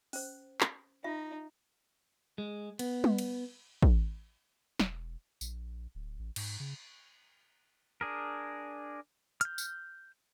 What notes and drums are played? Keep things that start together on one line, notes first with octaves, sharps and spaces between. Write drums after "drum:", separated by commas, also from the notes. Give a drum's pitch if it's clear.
C#4 C5, drum: open hi-hat
drum: clap
D#4 F4 E5
G#3
B3, drum: cymbal
drum: tom G3
drum: cymbal
drum: kick
E1, drum: snare
A#1, drum: tambourine
D1
A1
G#2, drum: cymbal
C#3
D4 G#4 A#4
F6 G6, drum: hi-hat
drum: tambourine